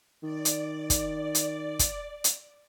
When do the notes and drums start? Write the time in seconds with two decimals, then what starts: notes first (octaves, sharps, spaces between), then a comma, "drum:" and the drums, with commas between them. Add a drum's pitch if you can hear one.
0.23 D#3 D5
0.45 drum: hi-hat
0.90 drum: kick, hi-hat
1.35 drum: hi-hat
1.79 drum: kick, hi-hat
2.24 drum: hi-hat